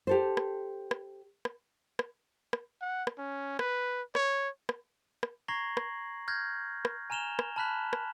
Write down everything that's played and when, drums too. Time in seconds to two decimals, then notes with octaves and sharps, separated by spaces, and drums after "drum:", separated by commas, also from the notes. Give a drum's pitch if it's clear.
0.07 G4 A4 C5
0.37 drum: rim click
0.91 drum: rim click
1.45 drum: rim click
1.99 drum: rim click
2.53 drum: rim click
2.81 F#5
3.07 drum: rim click
3.18 C#4
3.59 B4, drum: rim click
4.15 C#5, drum: rim click
4.69 drum: rim click
5.23 drum: rim click
5.48 A#5 C#6 G#6 A#6 C7 F#7
5.77 drum: rim click
6.28 F6 G6 G#6 A#6
6.85 drum: rim click
7.10 G#5 A#5 F6 E7 F7 G7
7.39 drum: rim click
7.56 A5 B5 F6 F#6 B6 F#7
7.93 drum: rim click